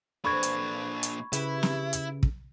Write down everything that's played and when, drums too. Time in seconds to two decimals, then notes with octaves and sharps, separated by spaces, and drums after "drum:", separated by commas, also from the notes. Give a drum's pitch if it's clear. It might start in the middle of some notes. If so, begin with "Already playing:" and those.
0.25 A#2 E3 C4 D4 A4 B5 C#6 G#6
0.43 drum: hi-hat
1.03 drum: hi-hat
1.33 C#3 E4 G4 B4, drum: hi-hat
1.63 drum: snare
1.93 drum: hi-hat
2.23 drum: kick